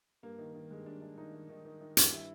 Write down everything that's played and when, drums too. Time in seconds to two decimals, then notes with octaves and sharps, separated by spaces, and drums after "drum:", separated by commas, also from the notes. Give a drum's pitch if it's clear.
0.23 G2 A#3
0.39 D#3
0.54 D#3
0.70 G2 G#3
0.86 G2 D4
1.02 D#3 D4
1.18 D#3 D#4
1.33 D#3
1.49 D#3
1.65 D#3
1.81 D#3
1.97 G2, drum: hi-hat
2.13 E4